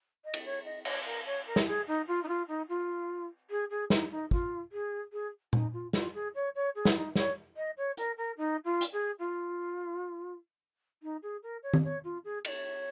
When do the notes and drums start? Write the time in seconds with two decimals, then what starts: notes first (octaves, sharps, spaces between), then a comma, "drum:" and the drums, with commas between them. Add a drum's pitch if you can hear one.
0.25 D#5
0.34 drum: cymbal
0.45 C#5
0.65 D#5
0.85 C#5, drum: cymbal
1.05 A#4
1.26 C#5
1.46 A#4
1.56 drum: snare
1.67 G#4
1.87 D#4
2.07 F4
2.23 D#4
2.28 F4
2.48 D#4
2.69 F4
3.50 G#4
3.70 G#4
3.90 D#4, drum: snare
4.11 D#4
4.31 F4, drum: kick
4.72 G#4
5.12 G#4
5.53 D#4, drum: tom A#2
5.73 F4
5.93 F4, drum: snare
6.14 G#4
6.35 C#5
6.55 C#5
6.75 G#4
6.85 drum: snare
6.96 D#4
7.16 C#5, drum: snare
7.56 D#5
7.77 C#5
7.97 A#4, drum: hi-hat
8.17 A#4
8.37 D#4
8.64 F4
8.81 drum: hi-hat
8.92 G#4
9.19 F4
11.02 D#4
11.22 G#4
11.43 A#4
11.63 C#5
11.74 drum: tom D#3
11.84 C#5
12.04 F4
12.24 G#4
12.45 D#5, drum: cymbal
12.48 C#5